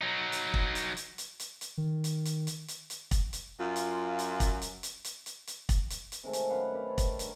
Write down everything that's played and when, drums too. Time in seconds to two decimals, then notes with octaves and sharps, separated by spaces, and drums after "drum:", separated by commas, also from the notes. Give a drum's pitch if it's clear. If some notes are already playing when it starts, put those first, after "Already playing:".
0.01 F#3 D#4
0.32 drum: hi-hat
0.54 drum: kick
0.75 drum: hi-hat
0.97 drum: hi-hat
1.18 drum: hi-hat
1.40 drum: hi-hat
1.61 drum: hi-hat
1.77 D#3
2.04 drum: hi-hat
2.25 drum: hi-hat
2.47 drum: hi-hat
2.68 drum: hi-hat
2.90 drum: hi-hat
3.11 drum: kick, hi-hat
3.33 drum: hi-hat
3.60 F#2 F4
3.76 drum: hi-hat
4.19 drum: hi-hat
4.40 drum: kick, hi-hat
4.62 drum: hi-hat
4.83 drum: hi-hat
5.04 drum: hi-hat
5.26 drum: hi-hat
5.47 drum: hi-hat
5.69 drum: kick, hi-hat
5.90 drum: hi-hat
6.12 drum: hi-hat
6.24 C3 D#3 G#3 A3
6.33 drum: hi-hat
6.50 F#2 B4 F5 F#5
6.73 C4 G4 B4 F5
6.87 A4 C#5
6.98 drum: kick, hi-hat
7.19 G2 A#4, drum: hi-hat